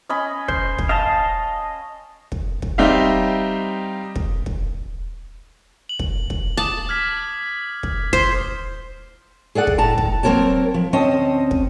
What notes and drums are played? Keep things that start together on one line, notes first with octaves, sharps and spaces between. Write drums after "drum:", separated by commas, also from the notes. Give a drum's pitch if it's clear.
C#4 D#5 B5
C5, drum: kick
drum: kick
D#5 F5 A5
drum: kick
drum: kick
G3 C4 D#4 G4 E5 F5
drum: kick
drum: kick
F#7
drum: kick
drum: kick
A5 D6 D#6
F6 G#6 B6
drum: kick
C5 B6, drum: kick
G#4 A4 D5 F#5
drum: kick
A2 A5 A#5
drum: kick
F#3 A#3 C4 A#4 C#5 A5
F3
D2 C4 C#4 D#5 A5
drum: kick